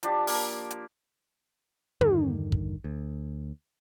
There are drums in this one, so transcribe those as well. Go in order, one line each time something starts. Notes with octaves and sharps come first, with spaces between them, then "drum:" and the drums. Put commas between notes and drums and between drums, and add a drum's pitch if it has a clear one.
F3 D4 G4, drum: hi-hat
A#3, drum: open hi-hat
drum: hi-hat
E2 G2 D3 D#3, drum: tom
drum: kick
D2